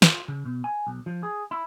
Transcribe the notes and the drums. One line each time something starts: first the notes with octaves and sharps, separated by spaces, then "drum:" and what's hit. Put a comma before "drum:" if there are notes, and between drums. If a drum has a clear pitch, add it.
F4, drum: snare
C#3
B2
G#5
B1
F3
G#4
E4